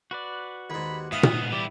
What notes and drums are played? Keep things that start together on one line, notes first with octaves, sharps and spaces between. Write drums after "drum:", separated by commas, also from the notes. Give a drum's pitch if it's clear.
F#4 B4 D5
D#2 G#2 B5
G#2 B3 E5 F5 D#6
drum: tom A#2
E3 G3 E4 G4 D5